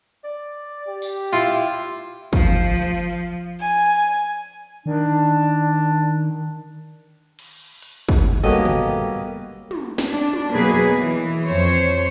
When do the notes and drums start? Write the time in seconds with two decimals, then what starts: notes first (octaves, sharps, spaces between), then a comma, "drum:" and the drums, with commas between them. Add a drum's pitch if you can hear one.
0.24 D5
0.88 G4
1.02 drum: tambourine
1.33 E4 F4
2.33 F3, drum: kick
3.59 G#5
4.86 D#3 D4
7.39 drum: cymbal
7.82 drum: hi-hat
8.09 drum: kick
8.44 G3 A#3 B3 C#4 F#4 G4 A4 D#5
8.65 drum: tom
9.71 drum: tom
9.98 drum: snare
10.11 D4
10.33 drum: tom
10.53 B2 F#3 A#3 G#4 B4
10.95 E3
11.46 F2 C5 C#5